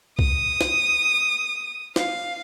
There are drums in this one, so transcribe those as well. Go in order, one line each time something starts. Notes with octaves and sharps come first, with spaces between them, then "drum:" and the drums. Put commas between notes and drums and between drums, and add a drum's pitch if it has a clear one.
D#6, drum: kick C2
drum: snare
F5, drum: snare